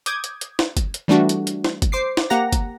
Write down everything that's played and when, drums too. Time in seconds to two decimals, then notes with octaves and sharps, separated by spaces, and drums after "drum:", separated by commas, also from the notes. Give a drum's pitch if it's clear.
0.06 D6 D#6 G6 G#6, drum: hi-hat
0.24 drum: hi-hat
0.41 drum: hi-hat
0.59 drum: snare
0.77 drum: kick, hi-hat
0.94 drum: hi-hat
1.08 E3 G3 A3 D4 F#4
1.29 drum: hi-hat
1.47 drum: hi-hat
1.65 drum: snare
1.82 drum: kick, hi-hat
1.92 C5 D6 C7
2.17 drum: snare
2.30 A#3 G4 F#5 A#5 A#6
2.52 drum: kick, hi-hat